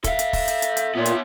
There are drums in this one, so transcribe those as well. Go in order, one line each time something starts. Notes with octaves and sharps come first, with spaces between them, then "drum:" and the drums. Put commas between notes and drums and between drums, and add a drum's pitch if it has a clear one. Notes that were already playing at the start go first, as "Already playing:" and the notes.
A4 E5 F5, drum: kick, hi-hat
drum: hi-hat
drum: kick, open hi-hat
drum: hi-hat
drum: hi-hat
drum: hi-hat
A#2 B3 F4 C#5
drum: hi-hat